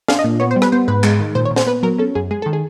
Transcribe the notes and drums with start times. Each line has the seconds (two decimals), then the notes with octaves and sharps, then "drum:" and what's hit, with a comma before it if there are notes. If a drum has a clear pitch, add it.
0.08 D4 F5, drum: snare
0.19 D#5
0.24 A#2
0.40 B3 C#5
0.51 C5
0.56 G3
0.62 B4, drum: rim click
0.72 B3 C5
0.88 G#2 B4
1.03 G#3, drum: clap
1.20 D#3
1.35 A#2 C5
1.45 C#5
1.51 A#2
1.56 C5, drum: snare
1.67 B3 B4
1.83 F#3 A#4
1.98 C#4 A4
2.15 F#2 G#4
2.31 G#3 G#4
2.42 D#3 A4
2.53 G#4